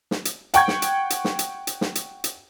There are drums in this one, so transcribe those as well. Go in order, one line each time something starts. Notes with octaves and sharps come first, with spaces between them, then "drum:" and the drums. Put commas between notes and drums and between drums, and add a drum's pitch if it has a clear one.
drum: snare
drum: hi-hat
F#5 G5 C#6 G#6, drum: hi-hat
drum: snare
drum: hi-hat
drum: hi-hat
drum: snare
drum: hi-hat
drum: hi-hat
drum: snare
drum: hi-hat
drum: hi-hat